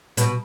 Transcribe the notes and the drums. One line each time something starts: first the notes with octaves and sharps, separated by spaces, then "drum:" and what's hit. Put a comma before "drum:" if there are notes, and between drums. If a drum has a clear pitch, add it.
B2, drum: hi-hat